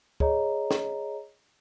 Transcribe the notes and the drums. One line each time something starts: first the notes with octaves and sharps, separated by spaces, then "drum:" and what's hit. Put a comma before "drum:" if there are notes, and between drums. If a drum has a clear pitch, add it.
G#4 C#5 D#5 A#5, drum: kick
drum: snare